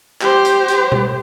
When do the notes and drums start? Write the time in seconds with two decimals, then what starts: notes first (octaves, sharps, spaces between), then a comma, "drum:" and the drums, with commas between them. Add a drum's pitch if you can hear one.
0.21 G4 C5, drum: clap
0.45 drum: hi-hat
0.68 drum: hi-hat
0.92 drum: tom B2